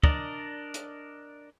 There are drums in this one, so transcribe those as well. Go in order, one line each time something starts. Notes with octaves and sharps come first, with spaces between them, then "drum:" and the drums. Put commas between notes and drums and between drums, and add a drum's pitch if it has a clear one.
D4 A#4 D5 D#5, drum: kick
drum: hi-hat